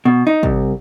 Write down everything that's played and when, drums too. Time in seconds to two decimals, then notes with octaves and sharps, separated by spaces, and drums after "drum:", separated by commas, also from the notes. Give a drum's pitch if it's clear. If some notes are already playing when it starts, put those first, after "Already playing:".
0.05 B2
0.27 D#4
0.43 C2, drum: kick